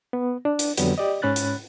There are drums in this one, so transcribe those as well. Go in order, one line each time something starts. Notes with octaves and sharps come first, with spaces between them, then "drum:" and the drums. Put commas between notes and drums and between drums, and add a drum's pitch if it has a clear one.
B3
D4
drum: hi-hat
F2 D3 F#3 G3 B3, drum: hi-hat
G4 D5 D#5
G#2 C#4 B5 F#6 A6
drum: hi-hat